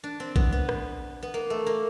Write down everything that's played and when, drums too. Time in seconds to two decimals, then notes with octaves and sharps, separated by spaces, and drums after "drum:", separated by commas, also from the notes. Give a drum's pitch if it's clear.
0.04 D4
0.20 C4
0.36 B3, drum: kick A#1
0.52 B3
0.69 drum: rim click
1.23 B3
1.34 A#3
1.50 A3
1.67 A#3